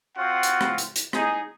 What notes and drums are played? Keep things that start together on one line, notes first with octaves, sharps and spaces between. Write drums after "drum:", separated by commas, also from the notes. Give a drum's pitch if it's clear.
C4 F4 F#4 F#5
drum: hi-hat
drum: rim click
drum: hi-hat
drum: hi-hat
D#4 G#4, drum: rim click